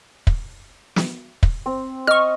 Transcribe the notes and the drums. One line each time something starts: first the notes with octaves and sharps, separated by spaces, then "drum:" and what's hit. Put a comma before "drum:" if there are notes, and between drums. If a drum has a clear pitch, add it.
drum: kick
drum: snare
drum: kick
C4
D#5 C#6 F6